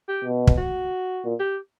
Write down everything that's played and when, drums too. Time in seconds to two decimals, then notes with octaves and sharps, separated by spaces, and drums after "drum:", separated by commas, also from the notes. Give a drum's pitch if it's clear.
0.09 G4
0.24 B2
0.47 drum: kick
0.58 F#4
1.24 A#2
1.40 G4